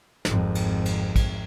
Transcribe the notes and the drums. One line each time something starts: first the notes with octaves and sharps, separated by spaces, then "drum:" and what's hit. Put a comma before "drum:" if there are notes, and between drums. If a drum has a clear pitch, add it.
G#1 F2, drum: snare
drum: cymbal
drum: cymbal
drum: kick, cymbal